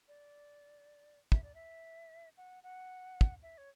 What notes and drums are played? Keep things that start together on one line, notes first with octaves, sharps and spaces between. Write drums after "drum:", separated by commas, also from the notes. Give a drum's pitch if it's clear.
D5
E5, drum: kick
D5
E5
F#5
F#5
drum: kick
E5
C#5